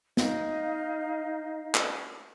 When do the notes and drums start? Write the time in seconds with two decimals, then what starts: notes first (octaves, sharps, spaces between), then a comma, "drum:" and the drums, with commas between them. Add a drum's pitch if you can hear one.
0.17 D#4 D#5 F5, drum: snare
1.74 drum: clap